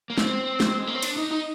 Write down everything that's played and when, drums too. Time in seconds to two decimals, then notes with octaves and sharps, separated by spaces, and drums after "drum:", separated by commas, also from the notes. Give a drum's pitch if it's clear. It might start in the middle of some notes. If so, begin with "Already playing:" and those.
0.10 A#3
0.18 C4, drum: snare G#3
0.60 drum: snare G#3
0.78 G#3
0.87 A#3
0.95 C4
1.03 D4, drum: cymbal
1.17 D#4
1.31 D#4